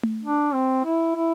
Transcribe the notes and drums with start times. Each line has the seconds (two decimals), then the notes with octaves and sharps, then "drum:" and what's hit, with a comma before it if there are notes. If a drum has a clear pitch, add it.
0.03 drum: tom A3
0.23 D4
0.54 C4
0.85 E4
1.15 E4